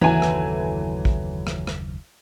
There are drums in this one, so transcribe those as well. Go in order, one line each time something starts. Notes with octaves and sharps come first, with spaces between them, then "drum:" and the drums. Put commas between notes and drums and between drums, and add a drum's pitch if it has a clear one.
F#1 D#2 D#3 E3 F#3 A3 G#5
drum: rim click
drum: kick A#1
drum: rim click
drum: rim click